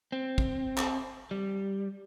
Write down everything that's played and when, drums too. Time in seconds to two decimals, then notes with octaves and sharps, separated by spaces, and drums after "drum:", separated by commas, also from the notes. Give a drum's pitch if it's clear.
0.12 C4
0.38 drum: kick
0.77 drum: clap
1.31 G3